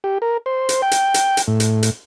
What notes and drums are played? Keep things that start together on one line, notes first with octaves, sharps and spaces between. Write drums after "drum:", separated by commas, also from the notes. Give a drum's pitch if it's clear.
G4
A#4
C5
drum: hi-hat
G5
drum: hi-hat
drum: hi-hat
drum: hi-hat
A2
drum: hi-hat
drum: hi-hat